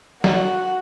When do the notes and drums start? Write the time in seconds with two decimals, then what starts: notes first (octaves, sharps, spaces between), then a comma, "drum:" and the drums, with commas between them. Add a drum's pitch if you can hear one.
0.24 F#4 F#5, drum: snare